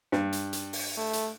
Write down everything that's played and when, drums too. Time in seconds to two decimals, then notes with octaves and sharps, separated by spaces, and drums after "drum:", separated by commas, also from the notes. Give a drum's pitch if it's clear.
0.12 G2, drum: snare
0.33 drum: hi-hat
0.53 drum: hi-hat
0.73 drum: open hi-hat
0.97 A3
1.13 drum: hi-hat